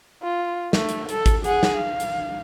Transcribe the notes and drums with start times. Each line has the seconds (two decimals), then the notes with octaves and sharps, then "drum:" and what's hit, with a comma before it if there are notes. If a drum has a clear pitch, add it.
0.23 F4
0.73 A3, drum: snare
0.89 drum: hi-hat
1.09 A4, drum: hi-hat
1.26 drum: kick G#1, hi-hat
1.44 G#4 F#5, drum: hi-hat
1.63 drum: snare
1.77 F5
2.00 drum: hi-hat